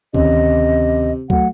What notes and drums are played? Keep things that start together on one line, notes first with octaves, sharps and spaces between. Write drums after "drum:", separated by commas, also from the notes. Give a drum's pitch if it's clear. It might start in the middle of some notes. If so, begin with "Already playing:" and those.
D2 C3 D#3 C#4 D#5, drum: kick C#2
F#3 A3 F#5, drum: kick C#2